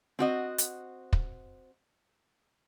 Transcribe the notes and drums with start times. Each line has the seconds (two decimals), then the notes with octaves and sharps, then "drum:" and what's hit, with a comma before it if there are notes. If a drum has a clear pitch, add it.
0.19 C4 F#4 D#5
0.58 drum: hi-hat
1.13 drum: kick